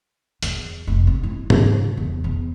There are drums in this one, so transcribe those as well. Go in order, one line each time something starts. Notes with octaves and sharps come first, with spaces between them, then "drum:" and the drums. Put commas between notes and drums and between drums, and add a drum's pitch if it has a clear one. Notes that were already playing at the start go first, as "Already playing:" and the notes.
E2, drum: hi-hat
F1
C4
E4
C#3, drum: tom G#2
E2
E2